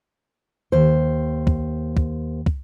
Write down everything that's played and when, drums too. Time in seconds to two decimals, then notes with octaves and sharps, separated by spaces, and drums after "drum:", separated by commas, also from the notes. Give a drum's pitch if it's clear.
0.72 D#2 C5
1.47 drum: kick
1.97 drum: kick
2.46 drum: kick